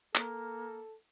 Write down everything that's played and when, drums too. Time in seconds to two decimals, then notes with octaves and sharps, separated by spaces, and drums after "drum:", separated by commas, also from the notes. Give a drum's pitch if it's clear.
0.15 A#3 A4, drum: clap